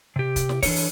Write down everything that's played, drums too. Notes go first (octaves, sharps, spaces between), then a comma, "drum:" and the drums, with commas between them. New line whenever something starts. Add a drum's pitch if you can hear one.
C3 G4
drum: kick, hi-hat
drum: snare
E3 D4 A4 C#5, drum: kick, open hi-hat
drum: open hi-hat